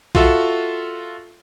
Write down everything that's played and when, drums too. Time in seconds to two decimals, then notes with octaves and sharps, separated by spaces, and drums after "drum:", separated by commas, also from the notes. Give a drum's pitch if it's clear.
0.15 F4 F#4 A4 E5, drum: kick B1